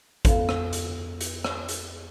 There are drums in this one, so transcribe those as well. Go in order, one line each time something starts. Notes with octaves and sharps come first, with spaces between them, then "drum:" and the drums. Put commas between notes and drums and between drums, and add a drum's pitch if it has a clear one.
F2 B3 A4 F5, drum: kick A1, hi-hat
drum: rim click
drum: hi-hat
drum: hi-hat
drum: rim click
drum: hi-hat